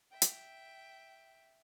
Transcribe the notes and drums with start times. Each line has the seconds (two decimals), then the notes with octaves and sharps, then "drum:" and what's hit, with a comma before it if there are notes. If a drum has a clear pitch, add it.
0.11 E5 G5
0.22 drum: hi-hat